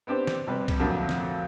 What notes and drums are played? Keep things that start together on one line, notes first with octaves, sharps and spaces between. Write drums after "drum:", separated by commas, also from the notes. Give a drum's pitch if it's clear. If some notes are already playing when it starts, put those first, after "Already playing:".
B3 C4 D4 G4 C5
drum: snare
G#1 C3 G3 B4
drum: kick C2, cymbal
F2 A#2 D3 F#3 A3 A#3
drum: snare